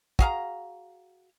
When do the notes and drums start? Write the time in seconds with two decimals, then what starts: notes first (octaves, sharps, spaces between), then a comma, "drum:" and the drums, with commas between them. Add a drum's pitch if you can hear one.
0.19 F#4 G#4 F5 A#5, drum: kick